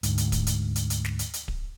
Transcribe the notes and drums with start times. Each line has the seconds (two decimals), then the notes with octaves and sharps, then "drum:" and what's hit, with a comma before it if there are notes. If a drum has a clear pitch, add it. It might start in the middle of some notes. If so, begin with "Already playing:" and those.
0.03 D2 G#2, drum: hi-hat
0.18 drum: hi-hat
0.32 drum: kick D1, hi-hat
0.47 drum: hi-hat
0.76 drum: hi-hat
0.90 drum: hi-hat
1.05 drum: snare
1.19 drum: hi-hat
1.33 drum: hi-hat
1.48 drum: kick D1